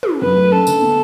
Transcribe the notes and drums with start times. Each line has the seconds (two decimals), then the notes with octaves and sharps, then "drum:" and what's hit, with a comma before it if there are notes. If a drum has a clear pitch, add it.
0.03 drum: tom
0.21 F#2 B4
0.36 A3
0.52 C#4 A4
0.67 D3, drum: tambourine
0.82 B3